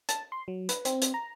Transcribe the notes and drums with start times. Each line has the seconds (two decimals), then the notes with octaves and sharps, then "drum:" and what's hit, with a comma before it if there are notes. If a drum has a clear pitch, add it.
0.09 A5, drum: hi-hat
0.32 C6
0.48 F#3
0.69 B4, drum: hi-hat
0.85 C4, drum: hi-hat
1.02 drum: hi-hat
1.14 A#5